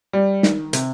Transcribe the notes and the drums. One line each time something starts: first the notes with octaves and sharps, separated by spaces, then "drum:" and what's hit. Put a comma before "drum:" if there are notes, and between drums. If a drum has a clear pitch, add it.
G3
D#3, drum: snare
C3, drum: hi-hat